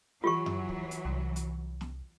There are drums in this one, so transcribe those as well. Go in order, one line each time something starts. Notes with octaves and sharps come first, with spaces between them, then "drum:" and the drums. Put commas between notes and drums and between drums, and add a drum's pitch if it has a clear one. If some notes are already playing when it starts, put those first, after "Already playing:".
E3 F#3 F4 G4 C#6
drum: tom F#2
drum: kick
drum: hi-hat
C2
drum: hi-hat
drum: snare